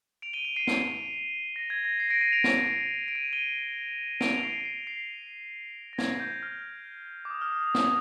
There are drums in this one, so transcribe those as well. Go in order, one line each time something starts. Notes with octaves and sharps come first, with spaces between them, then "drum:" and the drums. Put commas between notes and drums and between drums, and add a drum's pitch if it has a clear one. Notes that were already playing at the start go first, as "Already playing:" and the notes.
D7 F7
D#7 G7
D7 F7
C7 D#7
C7, drum: snare
A#6
G#6
A#6
C7
A#6 D7
C7 D#7
D7 F7
drum: snare
D7
D#7
F7
D#7 G7
D7 F7, drum: snare
F7
C7 D#7
C7
C7
A#6
G#6, drum: snare
G6
F6
D6
D#6
F6
D#6
D#6
D#6, drum: snare